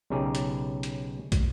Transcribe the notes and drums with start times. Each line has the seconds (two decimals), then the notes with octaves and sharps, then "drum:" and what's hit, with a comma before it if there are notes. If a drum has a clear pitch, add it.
0.10 B1 C#3 D#4 G4 G#4
0.35 drum: hi-hat
0.83 drum: hi-hat
1.32 drum: kick, hi-hat